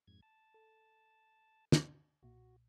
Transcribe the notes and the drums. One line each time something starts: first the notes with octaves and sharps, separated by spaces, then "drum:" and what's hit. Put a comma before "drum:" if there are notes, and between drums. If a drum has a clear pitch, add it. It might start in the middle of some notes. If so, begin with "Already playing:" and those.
F2 G#2 G#6
A5
A4
drum: snare
B1 A#2 F#4